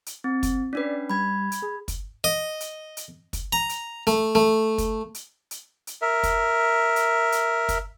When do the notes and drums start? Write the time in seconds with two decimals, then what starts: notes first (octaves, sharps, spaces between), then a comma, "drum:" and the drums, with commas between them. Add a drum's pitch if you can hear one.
0.06 drum: hi-hat
0.24 C4
0.43 drum: kick, hi-hat
0.73 C#4 D4 B4 D5
1.10 G3 B5 G#6
1.52 drum: hi-hat
1.62 G#4
1.88 drum: kick, hi-hat
2.24 D#5
2.60 drum: hi-hat
2.97 drum: hi-hat
3.33 drum: kick, hi-hat
3.53 A#5
3.69 drum: hi-hat
4.07 A3, drum: hi-hat
4.35 A3
4.78 drum: kick, hi-hat
5.15 drum: hi-hat
5.51 drum: hi-hat
5.87 drum: hi-hat
6.02 A#4 E5
6.23 drum: kick, hi-hat
6.96 drum: hi-hat
7.32 drum: hi-hat
7.69 drum: kick, hi-hat